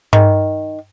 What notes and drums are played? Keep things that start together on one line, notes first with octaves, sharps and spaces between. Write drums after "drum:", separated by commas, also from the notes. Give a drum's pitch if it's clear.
D#3, drum: tom G2